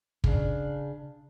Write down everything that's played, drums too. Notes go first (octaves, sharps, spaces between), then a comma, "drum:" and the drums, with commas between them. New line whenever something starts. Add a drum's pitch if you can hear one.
C#3 D4, drum: kick